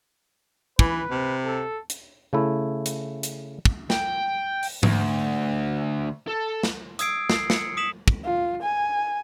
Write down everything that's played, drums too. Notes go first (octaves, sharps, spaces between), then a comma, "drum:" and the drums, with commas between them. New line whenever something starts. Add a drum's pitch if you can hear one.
E3 B4, drum: kick
C3
A4
drum: hi-hat
C#3 A3 E4
drum: hi-hat
drum: hi-hat
drum: kick
G5, drum: snare
drum: open hi-hat
D2, drum: tom G#2
A4
drum: snare
D#6 E6 G#6 C7 D7, drum: hi-hat
C7, drum: snare
C#7, drum: snare
D#6 B6 E7 F#7
drum: kick
F4
G#5